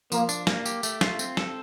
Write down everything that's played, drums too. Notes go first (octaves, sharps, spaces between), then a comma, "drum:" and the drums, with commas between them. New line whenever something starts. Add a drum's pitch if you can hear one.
F3 A#3, drum: tambourine
D4, drum: tambourine
A#3, drum: snare
G4, drum: tambourine
A3, drum: tambourine
F4, drum: snare
C4, drum: tambourine
A4, drum: snare